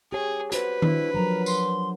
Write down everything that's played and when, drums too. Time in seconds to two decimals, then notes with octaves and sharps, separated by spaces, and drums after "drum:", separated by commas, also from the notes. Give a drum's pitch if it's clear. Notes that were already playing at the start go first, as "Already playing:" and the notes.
0.12 G4 G#4 C#5
0.52 F#4 B4 C5, drum: hi-hat
0.82 D4 E4, drum: tom D#3
1.14 F3 F#3 A#4 A#5
1.46 C6, drum: tambourine